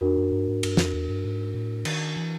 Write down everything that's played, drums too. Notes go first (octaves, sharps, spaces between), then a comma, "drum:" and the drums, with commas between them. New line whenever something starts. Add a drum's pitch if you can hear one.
F2 D4 F#4 A#4
F#2
G2
G#2
G2, drum: cymbal
F2, drum: snare
E2
G2
G#2
A2
D#3, drum: cymbal
E3